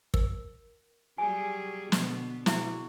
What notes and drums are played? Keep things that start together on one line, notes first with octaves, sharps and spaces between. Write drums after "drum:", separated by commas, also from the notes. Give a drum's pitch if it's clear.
A#4, drum: kick
F#3 G3 G#4 G#5
B2 D3 B3 B5, drum: snare
B2 E4 F#4 G#4 E5, drum: snare